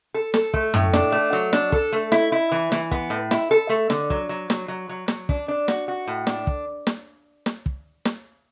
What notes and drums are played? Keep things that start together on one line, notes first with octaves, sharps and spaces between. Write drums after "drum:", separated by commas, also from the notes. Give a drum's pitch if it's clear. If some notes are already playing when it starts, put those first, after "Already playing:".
A4
A4, drum: snare
A3, drum: kick
A2, drum: tom
D4, drum: snare
A3
F#3
D4, drum: snare
A4, drum: kick
A3
E4, drum: snare
E4
E3
E3, drum: snare
B3, drum: kick
A2
E4, drum: snare
A4
A3
D3, drum: snare
F#3, drum: kick
F#3
F#3, drum: snare
F#3
F#3
F#3, drum: snare
D4, drum: kick
D4
F#4, drum: snare
F#4
A2
D4, drum: snare
drum: kick
drum: snare
drum: snare
drum: kick
drum: snare